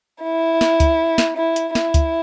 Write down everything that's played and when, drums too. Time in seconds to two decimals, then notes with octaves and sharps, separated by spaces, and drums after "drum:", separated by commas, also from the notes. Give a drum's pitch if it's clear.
0.23 E4
0.61 drum: snare
0.80 drum: kick C#2, hi-hat
1.18 drum: snare
1.37 E4
1.56 drum: hi-hat
1.75 E4, drum: snare
1.94 drum: kick C#2, hi-hat